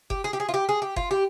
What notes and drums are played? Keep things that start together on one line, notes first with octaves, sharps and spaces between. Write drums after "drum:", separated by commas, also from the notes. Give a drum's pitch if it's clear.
G4, drum: kick F#1
G#4
G4
G#4
F4
G4
G#4
G4
F4, drum: kick F#1
G4